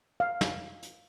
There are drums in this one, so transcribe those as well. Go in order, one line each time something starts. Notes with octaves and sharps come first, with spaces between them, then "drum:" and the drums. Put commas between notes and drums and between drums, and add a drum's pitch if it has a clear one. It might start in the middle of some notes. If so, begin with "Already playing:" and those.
F5
drum: snare
drum: hi-hat